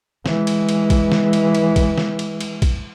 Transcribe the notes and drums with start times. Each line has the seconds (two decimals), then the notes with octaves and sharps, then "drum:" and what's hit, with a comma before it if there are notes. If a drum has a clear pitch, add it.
0.26 E3 G#3, drum: snare
0.47 drum: cymbal
0.69 drum: cymbal
0.90 drum: kick, cymbal
1.12 drum: snare
1.33 drum: cymbal
1.55 drum: cymbal
1.76 drum: kick, cymbal
1.98 drum: snare
2.19 drum: cymbal
2.41 drum: cymbal
2.62 drum: kick, cymbal